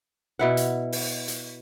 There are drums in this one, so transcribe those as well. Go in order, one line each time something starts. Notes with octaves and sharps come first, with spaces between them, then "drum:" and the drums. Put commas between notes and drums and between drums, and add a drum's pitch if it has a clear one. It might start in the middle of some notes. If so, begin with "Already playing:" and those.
B2 E4 F#5
drum: hi-hat
drum: open hi-hat
drum: hi-hat